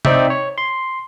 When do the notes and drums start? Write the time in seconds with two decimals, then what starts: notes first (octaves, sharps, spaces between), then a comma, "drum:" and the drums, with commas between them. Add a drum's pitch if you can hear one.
0.05 C4 D#4 D5 E5 G5, drum: tom C3
0.30 C#5
0.58 C6